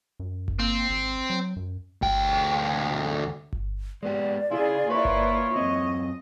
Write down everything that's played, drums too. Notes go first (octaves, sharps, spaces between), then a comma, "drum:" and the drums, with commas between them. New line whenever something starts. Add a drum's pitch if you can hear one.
F#2
drum: kick G1
A#3 C4
G#1
F#3
F#2
D2 G5, drum: kick G1
drum: kick G1
G#3 B3 G4 D5
C#3 E4 F4 G#4
A#3 E4 F4 B4 C#5
drum: kick G1
F#2 C4 D#5